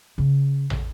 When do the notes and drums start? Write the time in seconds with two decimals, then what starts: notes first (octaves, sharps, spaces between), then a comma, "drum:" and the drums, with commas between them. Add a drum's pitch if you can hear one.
0.18 C#3 C#4
0.70 drum: tom